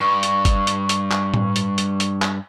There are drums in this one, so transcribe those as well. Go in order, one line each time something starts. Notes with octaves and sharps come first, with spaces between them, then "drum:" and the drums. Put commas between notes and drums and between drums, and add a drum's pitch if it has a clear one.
G2 C#6
drum: hi-hat
drum: kick, hi-hat
drum: hi-hat
drum: hi-hat
drum: clap
drum: tom A2
drum: hi-hat
drum: hi-hat
drum: hi-hat
drum: clap